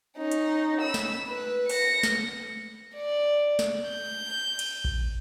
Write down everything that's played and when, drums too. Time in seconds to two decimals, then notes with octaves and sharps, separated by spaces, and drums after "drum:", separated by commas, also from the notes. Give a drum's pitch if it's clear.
0.18 C#4 D#4
0.32 drum: hi-hat
0.82 B5 E6
0.94 drum: snare
1.29 B4
1.69 A#6 C#7, drum: open hi-hat
2.03 drum: snare
2.95 D5
3.59 drum: snare
3.89 G6
4.59 drum: cymbal
4.85 drum: kick A#1